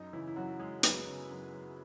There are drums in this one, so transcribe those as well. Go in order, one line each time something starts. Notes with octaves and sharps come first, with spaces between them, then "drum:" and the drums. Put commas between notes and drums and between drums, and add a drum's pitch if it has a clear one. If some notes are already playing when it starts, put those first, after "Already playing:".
Already playing: F#2 D#4
C#3 E3 E4
E4
F#2 F#3 F#4
F#3 G#3 G#4
F#2 B3 B4, drum: hi-hat
C#3
F#2
F#3